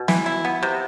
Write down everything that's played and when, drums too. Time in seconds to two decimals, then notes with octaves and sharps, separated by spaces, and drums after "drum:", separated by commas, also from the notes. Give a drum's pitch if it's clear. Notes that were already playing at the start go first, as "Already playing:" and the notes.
Already playing: B2
0.08 E3, drum: snare
0.26 E4
0.45 B3
0.63 C3